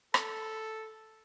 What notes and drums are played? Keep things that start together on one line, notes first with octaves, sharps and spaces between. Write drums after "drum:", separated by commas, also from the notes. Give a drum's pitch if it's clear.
A4, drum: rim click